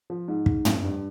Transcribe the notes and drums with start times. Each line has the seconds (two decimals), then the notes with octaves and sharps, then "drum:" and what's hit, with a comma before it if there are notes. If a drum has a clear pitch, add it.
0.10 F3
0.28 G#2
0.46 G#2, drum: kick
0.65 F2, drum: tom
0.84 G2